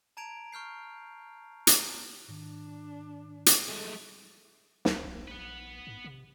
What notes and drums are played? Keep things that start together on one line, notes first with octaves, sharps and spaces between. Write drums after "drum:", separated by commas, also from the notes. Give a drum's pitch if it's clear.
A5 A#5 G#6 D7 F7
C#6 F6 G6 C7
drum: hi-hat
G#2 D#3 D4
drum: hi-hat
G#3 A3
C#2, drum: snare
A#1
B4 F#5
G#2
C3